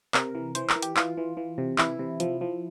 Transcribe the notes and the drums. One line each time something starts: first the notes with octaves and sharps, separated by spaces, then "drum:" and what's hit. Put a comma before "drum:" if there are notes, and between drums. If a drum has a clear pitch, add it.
C3 A#4, drum: clap
E3
E3 C5, drum: hi-hat
A#4, drum: clap
E3
G4, drum: hi-hat
E3 F4, drum: clap
E3
E3
C3
E3 E4, drum: clap
C3
F3, drum: hi-hat
F3